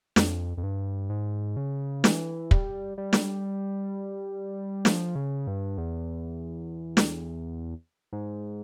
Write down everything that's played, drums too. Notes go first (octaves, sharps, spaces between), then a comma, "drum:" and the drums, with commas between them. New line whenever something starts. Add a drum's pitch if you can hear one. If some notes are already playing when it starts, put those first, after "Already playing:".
F2, drum: snare
F2
G2
G#2
C#3
E3, drum: snare
G3, drum: kick
G3
drum: snare
F3, drum: snare
C#3
G2
E2
drum: snare
G#2